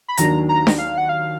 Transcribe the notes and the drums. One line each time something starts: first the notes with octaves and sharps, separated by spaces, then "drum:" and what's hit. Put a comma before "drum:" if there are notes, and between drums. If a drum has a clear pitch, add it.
B5
D#2 D#3 F#3 A#3 D4 A#5, drum: hi-hat
A#5
drum: snare D4
F5
F#5
F5